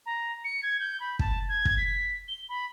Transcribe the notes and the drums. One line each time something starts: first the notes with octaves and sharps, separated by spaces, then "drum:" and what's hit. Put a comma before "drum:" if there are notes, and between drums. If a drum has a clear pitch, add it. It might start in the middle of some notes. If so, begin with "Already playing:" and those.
A#5
C#7
G#6
G6
B5
A5, drum: kick
G#6
drum: kick
B6
G7
B5